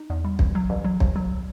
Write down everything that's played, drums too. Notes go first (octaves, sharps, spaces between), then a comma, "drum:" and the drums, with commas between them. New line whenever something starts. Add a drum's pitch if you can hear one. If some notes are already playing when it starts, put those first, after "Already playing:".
Already playing: D#4
E2
G3
A1, drum: kick
F#3
A1
F#3
D#2, drum: kick
F#3